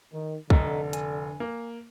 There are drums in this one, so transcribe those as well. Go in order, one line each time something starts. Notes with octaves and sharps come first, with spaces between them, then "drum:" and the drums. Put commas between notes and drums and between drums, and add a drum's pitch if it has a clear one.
D#3
F1 D3 A4 D#5 A#5, drum: kick
G#5, drum: hi-hat
A#3